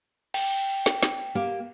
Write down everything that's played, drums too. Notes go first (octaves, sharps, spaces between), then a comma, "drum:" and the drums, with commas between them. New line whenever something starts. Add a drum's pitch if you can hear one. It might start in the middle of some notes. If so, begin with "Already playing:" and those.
G5, drum: cymbal
drum: snare
drum: snare
A#3 G4